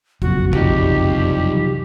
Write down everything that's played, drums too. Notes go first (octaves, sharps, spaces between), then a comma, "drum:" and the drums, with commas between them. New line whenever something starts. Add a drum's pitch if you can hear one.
F#1 B1 F2 F#4, drum: kick
C2 F3 F#3 D#4 G4, drum: kick